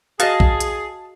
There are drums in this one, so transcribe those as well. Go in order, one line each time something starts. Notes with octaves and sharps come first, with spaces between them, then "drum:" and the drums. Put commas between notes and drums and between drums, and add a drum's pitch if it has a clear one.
F#4 G#4 D#5 F5 A5 A#6, drum: hi-hat
drum: kick
drum: hi-hat